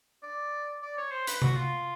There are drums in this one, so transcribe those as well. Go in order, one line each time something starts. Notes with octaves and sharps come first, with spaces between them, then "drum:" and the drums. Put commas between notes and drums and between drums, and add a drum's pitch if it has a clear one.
D5
D5
C#5
C5
B4, drum: hi-hat
F#4, drum: tom C3
F4